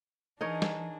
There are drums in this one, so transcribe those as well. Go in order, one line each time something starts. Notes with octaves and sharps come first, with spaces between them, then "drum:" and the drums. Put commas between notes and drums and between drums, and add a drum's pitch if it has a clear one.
E3 D4 D#4 G#4 A#4 C#5
drum: snare